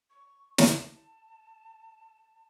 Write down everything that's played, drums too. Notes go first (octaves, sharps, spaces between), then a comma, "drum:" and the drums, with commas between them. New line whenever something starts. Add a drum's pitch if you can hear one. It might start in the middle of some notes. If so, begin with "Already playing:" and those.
C#6
drum: snare
A5